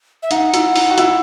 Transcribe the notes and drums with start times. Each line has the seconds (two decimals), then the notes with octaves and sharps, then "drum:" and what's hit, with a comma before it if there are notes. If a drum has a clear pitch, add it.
0.23 E5
0.31 D#4 F#5, drum: hi-hat
0.54 E4, drum: hi-hat
0.76 D#4, drum: open hi-hat
0.90 F#4
0.98 E4, drum: hi-hat